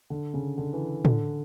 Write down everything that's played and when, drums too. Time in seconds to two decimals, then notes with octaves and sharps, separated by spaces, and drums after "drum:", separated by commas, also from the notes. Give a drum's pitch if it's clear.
0.10 D3
0.34 C#3
0.58 D3
0.73 E3
1.05 D3, drum: tom A2